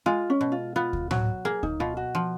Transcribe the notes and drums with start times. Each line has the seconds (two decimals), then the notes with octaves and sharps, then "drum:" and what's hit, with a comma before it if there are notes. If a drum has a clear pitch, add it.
0.06 G#3 F4
0.30 C#4
0.41 B2
0.52 F4
0.76 B3 F4
0.93 drum: kick D2
1.11 F#3 F#4, drum: tom A2
1.45 A#3 G#4
1.63 D#4, drum: kick D2
1.80 B2 F4
1.97 F#4
2.15 F3